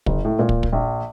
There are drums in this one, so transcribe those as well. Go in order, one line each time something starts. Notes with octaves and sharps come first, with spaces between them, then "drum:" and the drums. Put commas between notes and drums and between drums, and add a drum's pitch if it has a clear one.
F#1, drum: kick
A2
A#2
drum: kick
drum: kick
A#1